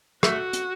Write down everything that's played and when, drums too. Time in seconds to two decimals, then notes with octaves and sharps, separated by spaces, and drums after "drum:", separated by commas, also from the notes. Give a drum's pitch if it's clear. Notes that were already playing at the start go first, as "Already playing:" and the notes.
0.23 A3 F#4, drum: rim click
0.53 drum: hi-hat